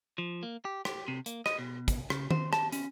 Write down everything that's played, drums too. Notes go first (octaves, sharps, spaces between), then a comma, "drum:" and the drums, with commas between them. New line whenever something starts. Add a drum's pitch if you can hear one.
F3
A#3
G4
G4, drum: rim click
C3
A#3, drum: hi-hat
D#5, drum: rim click
B2
drum: kick, hi-hat
C#3, drum: rim click
C5, drum: tom D#3
A5, drum: rim click
C#4, drum: hi-hat